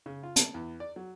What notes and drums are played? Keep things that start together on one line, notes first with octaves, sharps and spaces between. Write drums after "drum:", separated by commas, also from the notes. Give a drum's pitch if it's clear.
C#3
F4
A5, drum: hi-hat
E2
D5
F#3